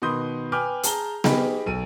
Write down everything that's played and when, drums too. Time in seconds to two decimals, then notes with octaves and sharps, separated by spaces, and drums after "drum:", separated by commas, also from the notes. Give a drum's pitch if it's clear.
0.02 B2 D#3 B5 C6 D#6 G6
0.52 B4 G5 G#5 D6 F6 G6
0.83 G#4 A5 A#5 G7, drum: hi-hat
1.24 D#4 G4 G#4 D#5 G5 B5, drum: snare B3
1.66 B1 A4 D#7